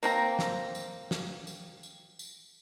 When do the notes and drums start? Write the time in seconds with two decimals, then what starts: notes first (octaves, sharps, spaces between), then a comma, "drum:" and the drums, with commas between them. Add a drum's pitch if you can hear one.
0.03 A#3 C4 A#5, drum: tambourine
0.39 drum: snare
0.75 drum: tambourine
1.11 drum: snare
1.47 drum: tambourine
1.83 drum: tambourine
2.19 drum: tambourine